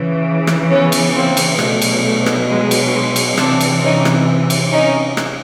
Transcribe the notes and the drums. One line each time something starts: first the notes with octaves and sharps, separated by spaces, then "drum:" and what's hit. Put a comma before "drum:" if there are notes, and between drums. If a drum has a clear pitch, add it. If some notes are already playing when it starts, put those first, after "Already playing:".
Already playing: C#3 E3
drum: rim click
B3 C#4
drum: cymbal
A#3 C4
drum: cymbal
B2 F#3 A3, drum: rim click
drum: cymbal
A3
drum: rim click
G#3
drum: cymbal
G#3
drum: cymbal
C3 E3 C4 D4, drum: rim click
drum: cymbal
C#4 D#4
drum: rim click
drum: cymbal
C#4 D#4
drum: rim click